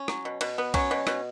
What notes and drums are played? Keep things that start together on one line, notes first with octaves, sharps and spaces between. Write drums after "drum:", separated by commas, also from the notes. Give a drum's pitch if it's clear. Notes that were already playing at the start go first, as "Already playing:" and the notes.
Already playing: C#4
F#3, drum: rim click
B2
B2, drum: cymbal
B3
F#3 C#4, drum: kick B1, cymbal
B2
B2, drum: rim click